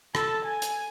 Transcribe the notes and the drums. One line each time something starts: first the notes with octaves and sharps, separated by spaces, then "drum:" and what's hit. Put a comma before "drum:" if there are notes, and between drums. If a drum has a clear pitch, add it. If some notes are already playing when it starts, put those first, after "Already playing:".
A4, drum: rim click
G#5
drum: hi-hat